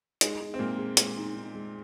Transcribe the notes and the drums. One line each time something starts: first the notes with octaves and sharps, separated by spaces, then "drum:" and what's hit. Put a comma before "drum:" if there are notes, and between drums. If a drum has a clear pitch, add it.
G#3 D#4, drum: hi-hat
D#4
C4
A#2 G#3 A#3
G#4
G#3, drum: hi-hat
D#4
D#4
G#3